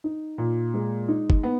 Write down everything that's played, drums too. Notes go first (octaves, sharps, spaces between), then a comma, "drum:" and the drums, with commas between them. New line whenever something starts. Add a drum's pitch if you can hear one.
D#4
A#2
G#3
D#4
drum: kick
B3